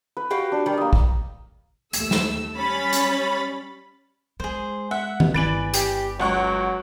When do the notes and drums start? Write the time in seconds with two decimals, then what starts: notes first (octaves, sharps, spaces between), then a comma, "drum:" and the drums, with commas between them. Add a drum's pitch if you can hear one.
0.17 B4
0.31 F#4 G4 F5
0.52 D4
0.66 D#3 G3
0.78 A#3 D#5
0.93 drum: kick
1.93 D#2 A3 E6, drum: hi-hat
2.11 drum: snare
2.55 G3 C#4 C#5 B5 A6
2.93 drum: hi-hat
4.40 G#3 G#4 C5
4.91 E5 F#5
5.20 drum: tom D#3
5.34 G1 E4 B4 D5 G#5 A6 D7 F#7
5.74 G4, drum: hi-hat
6.20 C#2 F#3 F#5 C#6